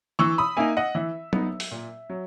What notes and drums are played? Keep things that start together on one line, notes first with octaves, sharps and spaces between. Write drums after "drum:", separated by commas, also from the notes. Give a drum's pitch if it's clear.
E3 C#6 E6
B5 D#6
A#3 D#4 E5 G#5
D#5 F#5
E3 E5
B3 D#4, drum: tom F#3
drum: open hi-hat
A#2
F#3